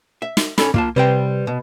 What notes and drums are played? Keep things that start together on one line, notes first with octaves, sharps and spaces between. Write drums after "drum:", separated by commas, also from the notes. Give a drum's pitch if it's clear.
E5
drum: snare
C#4 A4 B5, drum: snare
A#3 F4 A5, drum: kick
C3 G3 B4 C5 G5
B2